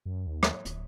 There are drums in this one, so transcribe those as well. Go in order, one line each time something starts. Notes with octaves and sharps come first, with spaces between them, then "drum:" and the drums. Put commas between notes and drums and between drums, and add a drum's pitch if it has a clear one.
F#2
D#2
drum: rim click
D1, drum: hi-hat